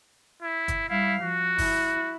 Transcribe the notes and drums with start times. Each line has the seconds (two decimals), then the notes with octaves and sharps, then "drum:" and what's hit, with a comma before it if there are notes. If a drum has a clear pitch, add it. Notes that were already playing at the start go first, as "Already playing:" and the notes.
0.42 E4
0.68 drum: kick, hi-hat
0.89 G3 E4 F5
1.21 F3 F#4
1.58 E4, drum: kick, open hi-hat